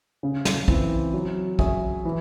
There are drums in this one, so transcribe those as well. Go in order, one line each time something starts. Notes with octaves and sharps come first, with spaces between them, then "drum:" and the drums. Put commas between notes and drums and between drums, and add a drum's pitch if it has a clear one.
C#3
drum: snare
E3 C4 E4, drum: kick
F#3
C#4 G#4 C#5 E5, drum: kick
E3